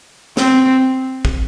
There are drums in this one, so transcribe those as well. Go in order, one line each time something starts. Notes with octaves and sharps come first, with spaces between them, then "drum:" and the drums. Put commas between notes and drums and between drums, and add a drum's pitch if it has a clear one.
C4, drum: snare
drum: kick